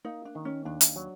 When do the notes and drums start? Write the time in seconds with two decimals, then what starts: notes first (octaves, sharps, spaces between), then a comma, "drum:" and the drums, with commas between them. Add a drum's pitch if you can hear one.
0.05 A#3 D#4
0.25 D4
0.35 D#3
0.45 C#4
0.65 D#2 D4
0.81 drum: hi-hat
0.96 F#3